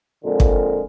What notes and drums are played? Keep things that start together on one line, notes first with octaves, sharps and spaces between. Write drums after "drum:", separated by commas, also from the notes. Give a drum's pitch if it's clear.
F2 A#2 D3 G#3 A#4
drum: kick